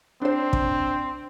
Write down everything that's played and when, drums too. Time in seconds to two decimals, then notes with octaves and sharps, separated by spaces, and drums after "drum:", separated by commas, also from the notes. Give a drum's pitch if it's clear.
0.21 C4 D4 C5
0.53 drum: kick